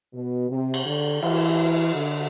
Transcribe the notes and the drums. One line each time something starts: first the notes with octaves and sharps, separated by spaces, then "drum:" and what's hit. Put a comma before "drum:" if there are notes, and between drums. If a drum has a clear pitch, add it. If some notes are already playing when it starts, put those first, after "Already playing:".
B2
C3
drum: cymbal
D3
E3, drum: cymbal
D3